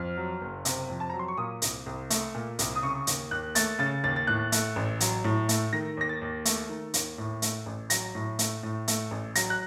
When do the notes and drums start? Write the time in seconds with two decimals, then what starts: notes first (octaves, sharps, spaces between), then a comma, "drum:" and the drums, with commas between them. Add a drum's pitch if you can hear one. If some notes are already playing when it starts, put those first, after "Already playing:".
Already playing: F2 F6
0.17 F#3
0.41 F#1
0.65 C3, drum: hi-hat
0.90 F2
1.00 A5
1.10 F#3 A#5
1.19 C6
1.28 C#6
1.37 A#2 D#6
1.62 C2, drum: hi-hat
1.86 C2
2.10 A3, drum: hi-hat
2.35 A#2
2.59 C2, drum: hi-hat
2.75 D#6
2.83 C#3 C#6
3.07 D#2, drum: hi-hat
3.31 D#2 F#6
3.55 A3 A6, drum: hi-hat
3.79 C#3 A6
4.04 D#2 A6
4.16 A6
4.27 A2 F#6
4.52 A3, drum: hi-hat
4.76 A1
5.00 F#3, drum: hi-hat
5.24 A2
5.49 A3, drum: hi-hat
5.73 D#3 A#6
5.97 D#2 A#6
6.09 A6
6.21 D#2
6.45 A3, drum: hi-hat
6.69 D#3
6.94 D#2, drum: hi-hat
7.18 A2
7.42 A3, drum: hi-hat
7.66 A1
7.90 F#3 A#6, drum: hi-hat
8.15 A2
8.39 A3, drum: hi-hat
8.63 A2
8.88 A3, drum: hi-hat
9.11 A1
9.35 F#3 A#6, drum: hi-hat
9.50 F#6